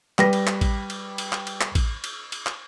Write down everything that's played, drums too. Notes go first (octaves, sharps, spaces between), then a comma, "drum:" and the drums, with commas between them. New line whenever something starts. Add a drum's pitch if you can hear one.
G3 B4 A#6, drum: clap
drum: cymbal
drum: clap
drum: kick A1, cymbal
drum: cymbal
drum: cymbal
drum: clap
drum: cymbal
drum: clap
drum: kick A1, cymbal
drum: cymbal
drum: cymbal
drum: clap